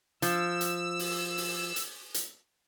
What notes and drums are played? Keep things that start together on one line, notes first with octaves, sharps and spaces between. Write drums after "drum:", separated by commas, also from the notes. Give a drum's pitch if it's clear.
F3 E6, drum: hi-hat
drum: hi-hat
drum: open hi-hat
drum: open hi-hat
drum: hi-hat
drum: hi-hat